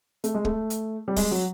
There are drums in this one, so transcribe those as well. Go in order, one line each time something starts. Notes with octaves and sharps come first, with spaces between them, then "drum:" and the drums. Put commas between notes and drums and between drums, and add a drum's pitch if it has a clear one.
A3, drum: hi-hat
G#3
A3, drum: kick
drum: hi-hat
G3
G#3, drum: kick, open hi-hat
F#3